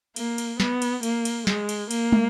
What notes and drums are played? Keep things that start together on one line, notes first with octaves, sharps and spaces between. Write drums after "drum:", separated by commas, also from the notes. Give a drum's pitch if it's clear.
A#3, drum: cymbal
drum: cymbal
B3, drum: snare
drum: cymbal
A#3, drum: cymbal
drum: cymbal
G#3, drum: snare
drum: cymbal
A#3, drum: cymbal
drum: tom